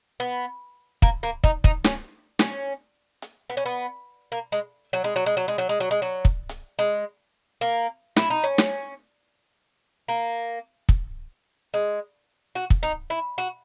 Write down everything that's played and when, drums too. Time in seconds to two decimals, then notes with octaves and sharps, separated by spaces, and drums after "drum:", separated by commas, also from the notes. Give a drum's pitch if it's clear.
0.20 B3
1.02 A#3, drum: kick
1.23 A#3
1.44 D#4, drum: kick
1.64 D#4, drum: kick
1.84 C#4, drum: snare
2.39 C#4, drum: snare
3.22 drum: hi-hat
3.50 B3
3.57 C#4
3.66 B3
4.32 A#3
4.52 G#3
4.93 F#3
5.04 G#3
5.16 F#3
5.26 G#3
5.37 F#3
5.48 G#3
5.58 F#3
5.69 G#3
5.80 F#3
5.91 G#3
6.02 F#3
6.25 drum: kick
6.49 drum: hi-hat
6.79 G#3
7.61 A#3
8.16 E4, drum: snare
8.30 D#4
8.44 C#4
8.58 drum: snare
10.08 A#3
10.89 drum: kick
11.74 G#3
12.55 F#4
12.70 drum: kick
12.83 D#4
13.10 E4
13.38 F#4